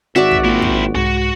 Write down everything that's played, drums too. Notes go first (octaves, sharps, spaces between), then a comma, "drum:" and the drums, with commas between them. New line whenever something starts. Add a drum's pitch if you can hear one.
G#1 F#4 D5 E5
drum: kick
A#3 C4 E4 F4
drum: kick
C2 G#2 G#3 F#4